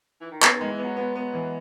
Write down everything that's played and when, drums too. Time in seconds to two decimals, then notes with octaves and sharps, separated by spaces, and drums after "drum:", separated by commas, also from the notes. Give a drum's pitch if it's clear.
0.21 E3
0.31 D#3
0.43 C#3 B3, drum: clap
0.56 D#3 G#3
0.69 E3
0.78 B3
0.83 F#3
0.97 F#3 B3
1.16 B3
1.34 E3